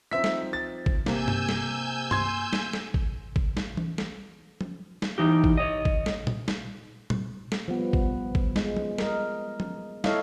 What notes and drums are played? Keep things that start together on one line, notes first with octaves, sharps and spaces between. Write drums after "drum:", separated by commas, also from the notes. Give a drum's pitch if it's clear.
F3 C4 D#4 E5 B6
drum: snare
A6
drum: kick G#1
C3 A#3 G#5 E6 G6, drum: snare
drum: tom G2
drum: snare
C6 G#6, drum: tom G2
drum: snare
drum: snare
drum: kick G#1
drum: kick G#1
drum: snare
drum: tom E3
drum: snare
drum: tom F3
drum: snare
E3 D#4 G4
drum: kick G#1
C#5 D#5
drum: kick G#1
drum: snare
drum: tom A#2
drum: snare
drum: tom A#2
drum: snare
F3 G3 B3
drum: kick G#1
drum: kick G#1
G#3, drum: snare
drum: tom F3
A#4 D#5, drum: snare
drum: tom F3
E4 A4 C#5 D#5 F5, drum: snare